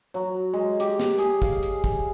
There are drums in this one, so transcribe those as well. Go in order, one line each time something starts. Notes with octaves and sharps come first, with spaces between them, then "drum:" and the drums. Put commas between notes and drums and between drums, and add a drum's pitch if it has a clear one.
F#3
G#3
G4, drum: hi-hat
drum: snare
G#4, drum: hi-hat
F5, drum: kick, hi-hat
drum: hi-hat
drum: kick